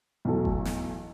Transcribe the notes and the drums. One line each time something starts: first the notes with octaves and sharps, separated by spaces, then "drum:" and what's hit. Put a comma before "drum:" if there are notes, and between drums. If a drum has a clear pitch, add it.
B1 E2 A2 F#3 A4
drum: kick F#1
drum: snare